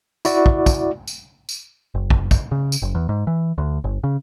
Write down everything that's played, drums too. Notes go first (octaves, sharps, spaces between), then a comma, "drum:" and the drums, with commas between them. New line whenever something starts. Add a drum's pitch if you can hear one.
E4 F#4 D5, drum: tambourine
drum: kick
drum: kick, tambourine
drum: tambourine
drum: tambourine
F#1
drum: kick
drum: kick, tambourine
C#3
drum: tambourine
F#1
E2
G#2
E3
D2
G1
C#3